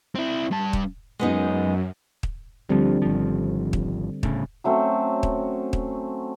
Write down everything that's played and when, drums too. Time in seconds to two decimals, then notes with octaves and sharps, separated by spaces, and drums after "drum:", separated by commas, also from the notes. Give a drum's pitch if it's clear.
0.15 C4 E4
0.51 G2 A5
0.73 drum: kick
1.19 F#2 G#3 B3 D#4
2.23 drum: kick
2.69 D2 D3 F3 G3 C4
3.02 G#1 F3
3.73 drum: kick
4.23 A2 C#3, drum: kick
4.64 F#3 A3 C4 C#4
5.23 drum: kick
5.73 drum: kick